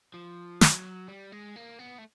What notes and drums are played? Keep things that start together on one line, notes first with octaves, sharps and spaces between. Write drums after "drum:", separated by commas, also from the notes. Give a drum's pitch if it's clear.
F3
F#3, drum: snare
G3
G#3
A#3
B3
A3